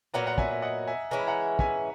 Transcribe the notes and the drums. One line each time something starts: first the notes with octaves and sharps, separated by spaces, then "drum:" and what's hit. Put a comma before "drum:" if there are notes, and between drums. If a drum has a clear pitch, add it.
A#2 F#3 B3 F#5 A#5
F#5 A#5
E5 G#5, drum: kick
E5
D#5 F#5
E5 G#5
E3 G#3 C#4 E4 A#5
B5
F#5 A#5
E5 G#5, drum: kick